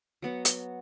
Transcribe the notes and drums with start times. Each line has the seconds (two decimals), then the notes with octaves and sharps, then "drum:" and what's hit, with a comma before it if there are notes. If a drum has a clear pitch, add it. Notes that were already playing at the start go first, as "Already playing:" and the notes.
0.22 F#3 B3 F#4
0.45 drum: hi-hat